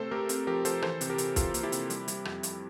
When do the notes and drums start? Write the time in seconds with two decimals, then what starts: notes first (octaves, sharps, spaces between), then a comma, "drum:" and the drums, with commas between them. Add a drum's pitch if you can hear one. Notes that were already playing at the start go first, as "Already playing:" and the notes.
Already playing: C3 A3 C4 A4 C5
0.11 A3 G4 A#4
0.29 C4, drum: hi-hat
0.47 F3 G4 A#4
0.65 F3 A4 C5, drum: hi-hat
0.82 E3 A4 C5, drum: rim click
1.01 C3, drum: hi-hat
1.10 G4 A#4
1.18 C3, drum: hi-hat
1.36 E3 F4 A4, drum: kick, hi-hat
1.54 A#3, drum: hi-hat
1.63 E4 G4
1.72 C3, drum: hi-hat
1.90 G3, drum: hi-hat
2.08 G3, drum: hi-hat
2.25 F2, drum: rim click
2.43 F2, drum: hi-hat